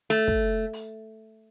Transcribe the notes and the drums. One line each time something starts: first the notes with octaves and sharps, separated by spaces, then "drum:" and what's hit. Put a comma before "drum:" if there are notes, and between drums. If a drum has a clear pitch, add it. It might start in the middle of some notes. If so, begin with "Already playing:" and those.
A3, drum: open hi-hat
drum: kick
drum: open hi-hat